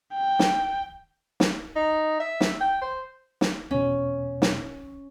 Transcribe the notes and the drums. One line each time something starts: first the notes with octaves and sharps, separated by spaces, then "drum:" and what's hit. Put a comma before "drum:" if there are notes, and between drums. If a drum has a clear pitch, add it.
G5
drum: snare
drum: snare
D#4
E5
drum: snare
G5
C5
drum: snare
E2 B2 C#4
drum: snare